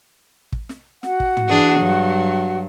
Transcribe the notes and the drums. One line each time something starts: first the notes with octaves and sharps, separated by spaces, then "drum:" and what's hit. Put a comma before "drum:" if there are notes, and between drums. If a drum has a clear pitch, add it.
drum: kick
drum: snare
F#4 F#5, drum: snare
drum: kick
drum: tom
E3 D4 G#4
G2 F#3